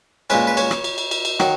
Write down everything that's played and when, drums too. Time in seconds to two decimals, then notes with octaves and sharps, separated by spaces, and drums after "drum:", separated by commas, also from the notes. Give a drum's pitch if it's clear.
0.30 A#2 G#3 C#4 B4, drum: cymbal
0.47 B4
0.57 C#5, drum: cymbal
0.71 drum: rim click
0.84 drum: cymbal
0.98 drum: cymbal
1.11 drum: cymbal
1.25 drum: cymbal
1.40 D#3 F#3, drum: rim click